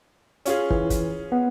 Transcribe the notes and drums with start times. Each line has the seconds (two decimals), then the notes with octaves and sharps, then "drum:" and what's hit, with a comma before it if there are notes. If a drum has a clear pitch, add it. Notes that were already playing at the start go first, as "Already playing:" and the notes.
0.46 C#4 F4 G#4, drum: hi-hat
0.70 E3, drum: kick
0.90 drum: kick, hi-hat
1.32 B3